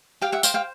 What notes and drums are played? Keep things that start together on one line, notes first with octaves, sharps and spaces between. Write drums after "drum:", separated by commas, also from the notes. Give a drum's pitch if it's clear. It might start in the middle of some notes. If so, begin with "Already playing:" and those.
G4 F5 G5
E5 F#5
C5 F5 G5, drum: tambourine
F5 G5